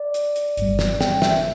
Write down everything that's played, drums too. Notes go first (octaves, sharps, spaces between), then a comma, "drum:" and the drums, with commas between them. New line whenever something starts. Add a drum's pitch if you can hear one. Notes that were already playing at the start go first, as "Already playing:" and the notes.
Already playing: D5
drum: hi-hat
drum: hi-hat
G1 G2 G3, drum: hi-hat
drum: snare
G5, drum: snare
E5, drum: snare